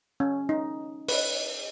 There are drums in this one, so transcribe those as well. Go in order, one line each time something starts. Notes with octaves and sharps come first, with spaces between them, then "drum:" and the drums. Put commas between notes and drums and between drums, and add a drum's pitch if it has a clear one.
C#4
D#4
B4, drum: open hi-hat